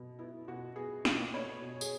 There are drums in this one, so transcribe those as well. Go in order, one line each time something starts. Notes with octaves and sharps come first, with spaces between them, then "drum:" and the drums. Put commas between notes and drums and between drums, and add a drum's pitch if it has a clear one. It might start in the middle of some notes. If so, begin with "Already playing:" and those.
Already playing: B2
B3 E4
B2 F#4
B3 G#4
B2, drum: snare
B3 C#5
B2
G#4, drum: tambourine